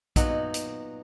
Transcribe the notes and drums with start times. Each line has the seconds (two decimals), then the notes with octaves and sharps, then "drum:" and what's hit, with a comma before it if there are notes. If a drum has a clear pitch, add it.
0.16 A#2 F#3 B3 D#4, drum: kick A#1, hi-hat
0.54 drum: hi-hat